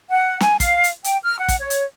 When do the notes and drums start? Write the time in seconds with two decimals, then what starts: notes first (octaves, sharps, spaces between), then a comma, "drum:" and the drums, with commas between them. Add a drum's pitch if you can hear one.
0.09 F#5
0.40 G#5, drum: snare
0.60 F5, drum: kick, hi-hat
0.84 drum: hi-hat
1.04 G5, drum: hi-hat
1.23 F6
1.39 F#5
1.49 drum: kick, hi-hat
1.59 C#5
1.70 drum: hi-hat